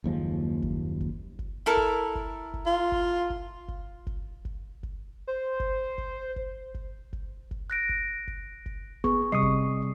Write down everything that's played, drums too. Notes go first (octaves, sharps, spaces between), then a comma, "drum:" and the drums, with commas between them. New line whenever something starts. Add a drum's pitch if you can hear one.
F#1 D#2 F3 G#3
drum: kick
drum: kick
drum: kick
E4 A4 A#4
drum: kick
drum: kick
drum: kick
F4
drum: kick
drum: kick
drum: kick
drum: kick
drum: kick
drum: kick
C5
drum: kick
drum: kick
drum: kick
drum: kick
drum: kick
drum: kick
F#6 A#6 D7
drum: kick
drum: kick
drum: kick
B3 G#4 C#6, drum: kick
C3 G3 D#5 C#6 D#6 C7
drum: kick